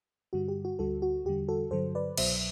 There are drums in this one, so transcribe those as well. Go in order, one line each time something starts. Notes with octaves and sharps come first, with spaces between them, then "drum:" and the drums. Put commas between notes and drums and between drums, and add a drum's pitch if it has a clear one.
G2 D3 G3 F#4
G4
F#4
D2 D3 G3 F#4 A4
F#4
E2 D3 G3 G4
F#4 A4
G2 D3 F#3 A4 C5
B4 D5
C2 B2 F#3 C5 E5, drum: cymbal